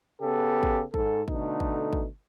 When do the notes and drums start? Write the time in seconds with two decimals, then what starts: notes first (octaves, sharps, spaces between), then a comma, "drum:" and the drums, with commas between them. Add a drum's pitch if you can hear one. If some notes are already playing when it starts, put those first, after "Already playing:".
0.21 C#3 B3 G4 A4
0.63 drum: kick
0.94 G#2 A4, drum: kick
1.28 B2 D3 A3 D#4, drum: kick
1.60 drum: kick
1.93 drum: kick